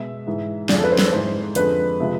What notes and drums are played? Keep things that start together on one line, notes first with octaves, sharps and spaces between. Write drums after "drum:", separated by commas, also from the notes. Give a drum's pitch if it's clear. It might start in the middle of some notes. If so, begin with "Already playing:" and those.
Already playing: B2 G#3 E5
G#2 E3 G#3
F2 D3 F3 G#3 D5, drum: snare
A4
B4
C5
B4, drum: snare
G#2 E3 G#3 C5
F2 D3 G#3 B4, drum: hi-hat
C3 F3 G#3